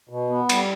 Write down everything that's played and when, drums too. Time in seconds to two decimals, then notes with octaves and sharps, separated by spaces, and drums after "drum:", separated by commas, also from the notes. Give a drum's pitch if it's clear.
0.09 B2
0.30 B3
0.49 G3, drum: cymbal